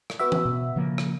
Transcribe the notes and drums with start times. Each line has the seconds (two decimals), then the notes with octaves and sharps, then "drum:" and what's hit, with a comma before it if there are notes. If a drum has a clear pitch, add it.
0.10 drum: rim click
0.19 B3 F#4 E5
0.32 drum: tom E3
0.45 B2
0.76 C#3 F3 A#3
0.98 drum: rim click